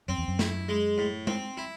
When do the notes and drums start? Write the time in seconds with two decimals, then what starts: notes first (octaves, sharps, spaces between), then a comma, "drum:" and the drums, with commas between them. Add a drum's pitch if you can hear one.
0.08 F#2 C4
0.18 E2
0.28 F#2
0.39 E4, drum: snare
0.69 G#3
0.98 A2
1.27 C4, drum: tom
1.57 E4